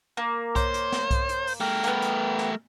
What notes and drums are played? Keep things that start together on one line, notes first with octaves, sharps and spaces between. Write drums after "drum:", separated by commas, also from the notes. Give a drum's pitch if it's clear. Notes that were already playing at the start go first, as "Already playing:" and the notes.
A#3
C5 C#5, drum: kick B1, hi-hat
drum: hi-hat
drum: snare
drum: kick B1, hi-hat
drum: hi-hat
drum: open hi-hat
A3 A#4 G5
A#3 B3, drum: hi-hat
drum: hi-hat
drum: snare